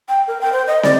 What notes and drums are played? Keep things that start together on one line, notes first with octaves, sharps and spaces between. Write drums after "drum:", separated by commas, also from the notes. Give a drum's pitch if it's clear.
G5
A#4
G5
C5
D#5
D5, drum: snare